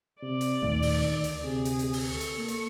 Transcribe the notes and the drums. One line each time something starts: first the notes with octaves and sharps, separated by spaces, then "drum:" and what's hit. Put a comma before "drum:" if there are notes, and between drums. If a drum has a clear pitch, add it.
C3 D5
drum: hi-hat
D#2 A#2 D#3 A3
drum: open hi-hat
D2
drum: hi-hat
C3 G#4
drum: hi-hat
drum: hi-hat
drum: open hi-hat
A4 C#6
drum: hi-hat
A#3
drum: hi-hat